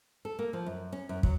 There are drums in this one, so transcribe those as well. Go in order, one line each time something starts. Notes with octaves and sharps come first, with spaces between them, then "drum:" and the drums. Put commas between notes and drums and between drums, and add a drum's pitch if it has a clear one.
A4
A#3
F3
F#2
C#4
F#2
F#3, drum: kick